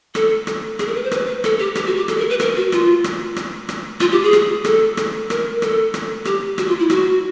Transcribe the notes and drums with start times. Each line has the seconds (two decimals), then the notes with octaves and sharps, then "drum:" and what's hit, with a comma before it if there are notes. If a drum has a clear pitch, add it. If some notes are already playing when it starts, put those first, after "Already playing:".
0.15 A4, drum: rim click
0.47 drum: rim click
0.79 G#4, drum: rim click
0.87 A#4
0.95 B4
1.04 C5
1.11 B4, drum: rim click
1.27 B4
1.44 A4, drum: rim click
1.59 G4
1.75 G4, drum: rim click
1.86 F#4
1.97 G4
2.08 A4, drum: rim click
2.19 A#4
2.30 B4
2.40 A#4, drum: rim click
2.56 F#4
2.72 F4, drum: rim click
3.04 drum: rim click
3.36 drum: rim click
3.69 drum: rim click
4.00 F4, drum: rim click
4.12 G4
4.23 G#4
4.33 drum: rim click
4.65 A4, drum: rim click
4.97 drum: rim click
5.30 A#4, drum: rim click
5.62 A4, drum: rim click
5.94 drum: rim click
6.25 G4, drum: rim click
6.58 F#4, drum: rim click
6.68 F4
6.79 E4
6.90 F#4, drum: rim click